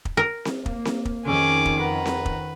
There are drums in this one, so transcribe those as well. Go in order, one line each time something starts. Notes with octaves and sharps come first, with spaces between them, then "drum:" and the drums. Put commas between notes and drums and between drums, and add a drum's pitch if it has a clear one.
drum: kick
A#4
drum: snare C4
A#3, drum: kick
drum: snare C4
drum: kick
F2 D#3 C#4 G#4 D6
drum: kick
B4 F#5 A#5
drum: snare C4
drum: kick